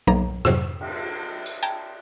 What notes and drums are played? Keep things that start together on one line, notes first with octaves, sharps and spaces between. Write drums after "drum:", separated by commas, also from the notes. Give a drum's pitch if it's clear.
B1 A#3 B3 A#5, drum: tom F#3
F2 G#2 C3 F#3, drum: rim click
drum: cymbal
drum: tambourine
G5 A5 A#5 G#6